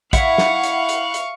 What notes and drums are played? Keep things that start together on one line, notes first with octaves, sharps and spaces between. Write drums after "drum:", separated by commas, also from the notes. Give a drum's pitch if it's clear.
E4 F5 F#5 C#6, drum: kick, hi-hat
drum: snare
drum: hi-hat
drum: hi-hat
drum: hi-hat